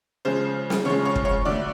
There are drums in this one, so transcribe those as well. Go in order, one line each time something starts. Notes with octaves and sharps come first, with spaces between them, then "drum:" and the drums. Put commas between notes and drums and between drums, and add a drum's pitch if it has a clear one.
C#3 F3 G#3 C5
drum: snare
C#3 F3 G#3 C#5
C#5
drum: kick
C#5
D3 F#3 A3 D5